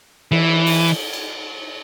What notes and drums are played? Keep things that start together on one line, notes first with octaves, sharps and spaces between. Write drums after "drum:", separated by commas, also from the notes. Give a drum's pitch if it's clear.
E3, drum: cymbal
drum: open hi-hat
drum: cymbal